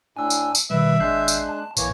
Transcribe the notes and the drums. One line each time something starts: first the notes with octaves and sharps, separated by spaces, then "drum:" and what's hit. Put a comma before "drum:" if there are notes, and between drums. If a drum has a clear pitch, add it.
A2 D4 G#5 E6
drum: tambourine
drum: tambourine
B2 D#3 G3 B4 E5
G#1 G#3 D4 F#6 G6 C7
drum: tambourine
A5
A#1 A2 E3 A#3 C#5, drum: tambourine